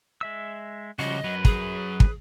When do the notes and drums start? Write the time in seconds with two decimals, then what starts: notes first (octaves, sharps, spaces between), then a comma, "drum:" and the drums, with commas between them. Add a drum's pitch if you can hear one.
0.21 G#3 E5 E6
0.99 C#2 C#3 F3 G3 F#4 D#5
1.24 F#2 F#3 B4
1.45 G#4, drum: kick
2.00 drum: kick